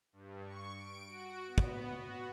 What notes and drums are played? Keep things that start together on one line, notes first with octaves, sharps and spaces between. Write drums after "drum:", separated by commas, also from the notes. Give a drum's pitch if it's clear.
G2
C#6
D7
F#4
B3
drum: kick
F#4